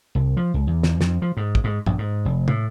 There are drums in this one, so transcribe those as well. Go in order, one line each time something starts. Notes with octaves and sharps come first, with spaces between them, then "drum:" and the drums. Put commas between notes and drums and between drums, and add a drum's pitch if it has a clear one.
C2
F3
C#2
E2
drum: snare
F2, drum: snare
F3
G#2
drum: kick
G#2
A#1, drum: tom
G#2
F1
A2, drum: tom